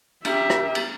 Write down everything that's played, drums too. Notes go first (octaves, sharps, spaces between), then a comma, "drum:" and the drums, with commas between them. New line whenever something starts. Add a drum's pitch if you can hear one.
G4 E5, drum: cymbal
drum: rim click
drum: cymbal